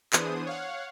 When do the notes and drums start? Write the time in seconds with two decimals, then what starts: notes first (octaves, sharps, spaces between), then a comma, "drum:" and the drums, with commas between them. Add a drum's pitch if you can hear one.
0.13 E3 B3 D4 G#4 C5 D#6, drum: clap
0.46 C#5 F5 F#5